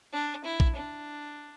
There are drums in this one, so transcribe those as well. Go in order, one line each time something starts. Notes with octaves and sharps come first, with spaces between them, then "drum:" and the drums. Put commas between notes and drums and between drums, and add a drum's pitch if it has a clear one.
D4
E4
drum: kick A#1
D4